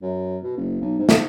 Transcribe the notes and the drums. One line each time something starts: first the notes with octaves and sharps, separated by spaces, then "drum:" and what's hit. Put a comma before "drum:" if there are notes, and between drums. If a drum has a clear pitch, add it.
F#2
B2
F#1
B1
G#2
drum: snare